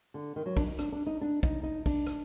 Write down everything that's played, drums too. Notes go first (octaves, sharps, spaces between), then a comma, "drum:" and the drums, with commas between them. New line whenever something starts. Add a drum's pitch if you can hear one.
D3
D#3
F#3
D4, drum: kick, open hi-hat
D#4
D4, drum: rim click
D4
D#4
D4
D#4, drum: kick, hi-hat
D#4
D4, drum: kick, open hi-hat
drum: rim click